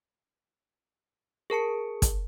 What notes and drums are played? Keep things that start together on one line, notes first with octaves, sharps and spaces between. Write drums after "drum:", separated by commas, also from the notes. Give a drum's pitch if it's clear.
G#4 A#4 A5 C#7
drum: kick, hi-hat